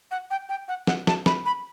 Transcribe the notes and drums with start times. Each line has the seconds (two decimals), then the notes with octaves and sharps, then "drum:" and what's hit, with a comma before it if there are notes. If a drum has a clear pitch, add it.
0.11 F#5
0.31 G5
0.49 G5
0.68 F#5
0.87 F#5, drum: snare
1.07 A5, drum: snare
1.26 B5, drum: snare
1.46 B5